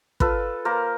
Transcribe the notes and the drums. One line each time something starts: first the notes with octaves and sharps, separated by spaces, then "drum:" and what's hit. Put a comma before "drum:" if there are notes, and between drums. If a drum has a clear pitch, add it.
F4 A4 B4, drum: kick
A#3 A#4 C5